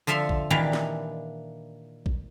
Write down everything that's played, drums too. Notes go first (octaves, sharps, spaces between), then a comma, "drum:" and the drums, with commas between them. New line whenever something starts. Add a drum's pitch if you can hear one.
D3 F3 A4 E5 F5 C6
drum: kick A#1
A#2 D#3 E3 D4 G4 F5
drum: snare
drum: kick A#1